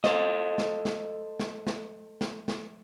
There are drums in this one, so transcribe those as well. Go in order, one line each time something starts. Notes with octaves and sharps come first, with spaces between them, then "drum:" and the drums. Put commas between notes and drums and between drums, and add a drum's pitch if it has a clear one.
A4 C5 D#5, drum: snare
drum: snare
drum: snare
drum: snare
drum: snare
drum: snare
drum: snare